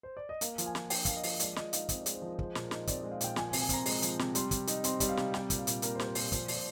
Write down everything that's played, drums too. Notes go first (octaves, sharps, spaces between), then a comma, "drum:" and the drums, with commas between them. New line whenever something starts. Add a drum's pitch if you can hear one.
C5
D5
D#5
A#3 F5, drum: hi-hat
F3, drum: hi-hat
G#5
F3, drum: snare
D4 G5, drum: open hi-hat
A#3 F5, drum: kick, hi-hat
D#5
F3, drum: open hi-hat
G#3 D5, drum: hi-hat
F3 D#5, drum: snare
D#4 F5, drum: hi-hat
C4 D#5, drum: kick, hi-hat
D5
G#3, drum: hi-hat
C5
F3 A#4
G#3 C5, drum: kick
A#2, drum: snare
A#4
D#4, drum: snare
C4 D5, drum: kick, hi-hat
G#3 D#5
F5
A#2 G5, drum: hi-hat
F3 G#5, drum: snare
G#5
C3, drum: open hi-hat
G#5
C4 A#5, drum: kick, hi-hat
G#3, drum: open hi-hat
F3, drum: hi-hat
C3, drum: snare
G3 C6, drum: hi-hat
C3, drum: kick, hi-hat
D#4, drum: hi-hat
C4 C6, drum: hi-hat
G3, drum: kick, hi-hat
F5
C3, drum: snare
G3 G5, drum: snare
A#2, drum: kick, hi-hat
F5
A#2, drum: hi-hat
A#3 A#4, drum: hi-hat
C5
G3, drum: snare
C5
A#2 A#4, drum: open hi-hat
F3 C5, drum: kick, hi-hat
A#2 D5, drum: open hi-hat
C5